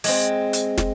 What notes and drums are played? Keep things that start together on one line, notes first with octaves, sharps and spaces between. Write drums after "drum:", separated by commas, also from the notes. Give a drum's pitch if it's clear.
G#3 C4, drum: open hi-hat
drum: hi-hat
drum: snare